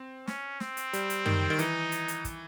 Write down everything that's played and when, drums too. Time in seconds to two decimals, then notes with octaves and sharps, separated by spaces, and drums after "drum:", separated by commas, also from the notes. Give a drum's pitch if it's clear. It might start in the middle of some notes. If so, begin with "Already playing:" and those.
Already playing: C4
0.27 C#4, drum: snare
0.60 C4, drum: snare
0.77 drum: hi-hat
0.93 G3, drum: hi-hat
1.10 drum: hi-hat
1.26 D#3, drum: tom F#2
1.50 D#3
1.59 E3 D#4, drum: hi-hat
1.92 drum: hi-hat
2.08 drum: hi-hat
2.25 drum: kick, hi-hat